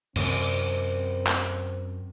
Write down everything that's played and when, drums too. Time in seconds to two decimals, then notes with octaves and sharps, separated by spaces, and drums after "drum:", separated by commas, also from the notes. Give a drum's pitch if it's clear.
0.16 F#2 C3 C4, drum: cymbal
1.27 drum: clap